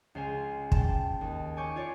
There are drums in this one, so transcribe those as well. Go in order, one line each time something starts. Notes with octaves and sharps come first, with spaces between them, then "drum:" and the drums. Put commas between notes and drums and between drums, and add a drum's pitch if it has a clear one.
C#2 C5 F5 G#5
G5 A5, drum: kick
D#2
C#5 G#5 C#6 D6 G6
F4 C#5 D5